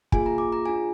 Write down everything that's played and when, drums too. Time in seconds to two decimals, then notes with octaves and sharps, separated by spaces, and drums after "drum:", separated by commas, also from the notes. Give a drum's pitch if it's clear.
0.12 A#3 F4 G#4 G#5, drum: kick
0.26 A#5
0.38 D6
0.52 A#5
0.66 D4 F4 G#4 G#5